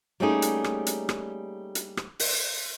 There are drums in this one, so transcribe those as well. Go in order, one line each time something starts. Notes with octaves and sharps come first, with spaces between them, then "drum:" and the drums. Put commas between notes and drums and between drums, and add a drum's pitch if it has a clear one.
G3 A3 A#3 C#4 D#4 G#4
drum: hi-hat
drum: rim click
drum: hi-hat
drum: rim click
drum: hi-hat
drum: rim click
drum: open hi-hat